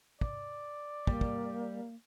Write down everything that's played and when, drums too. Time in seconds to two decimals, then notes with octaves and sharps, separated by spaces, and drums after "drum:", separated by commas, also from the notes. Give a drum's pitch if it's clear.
0.21 D5, drum: kick
1.07 G3 A#3, drum: kick
1.21 drum: kick